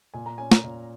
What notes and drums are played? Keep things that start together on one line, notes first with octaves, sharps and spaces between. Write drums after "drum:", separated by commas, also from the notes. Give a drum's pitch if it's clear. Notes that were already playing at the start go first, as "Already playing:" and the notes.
A#2 G#5
A#5
C#4 G#5
A#5, drum: snare
A#2